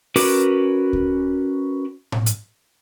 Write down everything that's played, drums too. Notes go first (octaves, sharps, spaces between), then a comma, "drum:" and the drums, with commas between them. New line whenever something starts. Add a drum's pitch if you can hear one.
C#4 F#4 A#4 B4 D6, drum: open hi-hat
drum: kick D2
drum: tom A2
drum: hi-hat